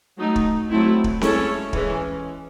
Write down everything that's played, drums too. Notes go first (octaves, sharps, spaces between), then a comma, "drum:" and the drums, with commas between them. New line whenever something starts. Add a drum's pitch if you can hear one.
F#3 A3 D#4
drum: kick
F#3 A3 C4 E4
drum: kick
G#3 C#4 E4 A4 C#5, drum: snare C4
E3 G#3 C#4, drum: kick